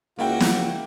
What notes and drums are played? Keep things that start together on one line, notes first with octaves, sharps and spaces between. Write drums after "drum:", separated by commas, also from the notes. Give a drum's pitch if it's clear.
C#2 A#3 E4 F#4 G5
drum: snare